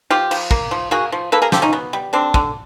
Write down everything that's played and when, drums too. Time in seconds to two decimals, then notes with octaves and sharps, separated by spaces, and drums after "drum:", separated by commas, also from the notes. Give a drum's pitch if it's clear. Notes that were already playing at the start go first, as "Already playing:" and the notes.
0.10 F3 F4 G4
0.31 F3, drum: cymbal
0.51 A#3, drum: kick
0.71 F3
0.91 A#3 F#4 G#4
1.12 F3
1.32 A#3 A4 B4
1.42 G#4 A#4
1.52 F3 G4 A4, drum: snare
1.62 C#4 D#4
1.73 B3
1.93 G3
2.13 D3 C4 D4
2.34 D3, drum: kick